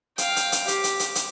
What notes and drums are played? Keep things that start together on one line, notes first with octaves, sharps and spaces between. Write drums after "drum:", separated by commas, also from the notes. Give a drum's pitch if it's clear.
F5 G5, drum: hi-hat
drum: hi-hat
drum: hi-hat
G4, drum: hi-hat
drum: hi-hat
drum: hi-hat
drum: hi-hat